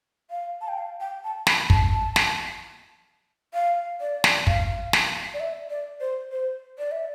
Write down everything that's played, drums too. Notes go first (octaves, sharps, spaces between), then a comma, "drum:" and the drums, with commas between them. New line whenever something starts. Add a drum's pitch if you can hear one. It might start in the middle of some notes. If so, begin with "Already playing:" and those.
F5
A5
G5
F5
G5
A5
B5, drum: snare
A5, drum: kick
drum: snare
F5
D5
drum: snare
F5, drum: kick
drum: snare
D5
E5
D5
C5
C5
D5
E5